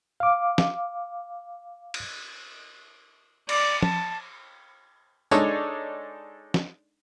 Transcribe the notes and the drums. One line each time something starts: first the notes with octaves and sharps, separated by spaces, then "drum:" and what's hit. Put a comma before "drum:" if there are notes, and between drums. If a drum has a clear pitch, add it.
F5 D6
drum: snare
drum: cymbal
D5, drum: cymbal
A5, drum: tom
G#3 D4 D#4 A4 C#5 D5, drum: tambourine
drum: snare